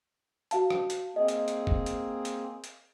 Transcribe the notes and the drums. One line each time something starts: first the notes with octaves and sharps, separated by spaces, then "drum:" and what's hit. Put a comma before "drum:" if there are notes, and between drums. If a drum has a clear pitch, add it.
F#4 F5 A5, drum: hi-hat
drum: rim click
drum: hi-hat
A#3 C4 G#4 D#5
drum: hi-hat
drum: hi-hat
drum: kick F1
drum: hi-hat
drum: hi-hat
drum: hi-hat